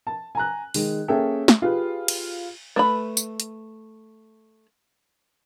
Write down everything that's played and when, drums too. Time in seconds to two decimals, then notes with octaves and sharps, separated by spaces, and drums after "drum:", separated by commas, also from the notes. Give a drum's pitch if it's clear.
0.07 A5
0.35 G#5 A#5 F#6
0.74 D#3 G#3, drum: open hi-hat
1.08 A#3 C#4 G#4 A4 E5 G5
1.48 drum: snare
1.62 F4 G4 G#4 B4
2.08 drum: cymbal
2.76 A3 B4 B5
3.17 drum: tambourine
3.40 drum: hi-hat